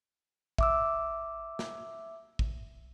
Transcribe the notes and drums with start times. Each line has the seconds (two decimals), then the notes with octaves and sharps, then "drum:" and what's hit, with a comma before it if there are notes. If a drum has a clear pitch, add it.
0.58 E5 D6 E6, drum: kick
1.59 drum: snare
2.39 drum: kick